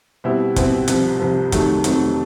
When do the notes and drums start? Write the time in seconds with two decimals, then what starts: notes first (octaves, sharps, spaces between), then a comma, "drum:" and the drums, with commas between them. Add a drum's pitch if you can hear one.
0.24 B2 G3 C4 E4
0.56 B2 G3 C4 E4, drum: kick, hi-hat
0.88 C2 C3 F3, drum: hi-hat
1.20 C2 C3 F3
1.52 F2 C3 D#3 F#3 A3, drum: kick, hi-hat
1.84 F2 C3 D#3 F#3 A3, drum: hi-hat